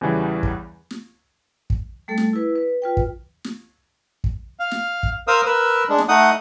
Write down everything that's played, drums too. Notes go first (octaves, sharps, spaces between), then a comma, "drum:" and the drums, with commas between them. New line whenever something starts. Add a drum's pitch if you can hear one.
E2 C#3 E3 G3
drum: kick
drum: snare
drum: kick
G3 A3 A4
drum: snare
E4 B4
B4
F4 B4 G5
drum: kick
drum: snare
drum: kick
F5
drum: snare
drum: kick
A#4 C5 F5 D#6 E6
A#4 B4 E6
G#3 D4
drum: snare
A3 D#4 F#5 D#6